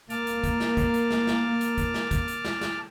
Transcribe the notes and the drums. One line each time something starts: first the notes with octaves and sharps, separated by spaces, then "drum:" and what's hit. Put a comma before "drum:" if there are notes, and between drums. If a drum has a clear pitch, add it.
A#3 A5 D6 F6, drum: hi-hat
drum: hi-hat
drum: kick G#1, hi-hat
drum: snare
drum: kick G#1, hi-hat
drum: hi-hat
drum: snare
drum: snare
drum: hi-hat
drum: kick G#1, hi-hat
drum: snare
drum: kick G#1, hi-hat
drum: hi-hat
drum: snare
drum: snare